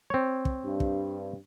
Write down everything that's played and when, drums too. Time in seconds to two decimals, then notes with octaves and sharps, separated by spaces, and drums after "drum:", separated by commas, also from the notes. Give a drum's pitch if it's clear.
0.10 C4 C#5
0.45 drum: kick
0.65 G2
0.80 drum: kick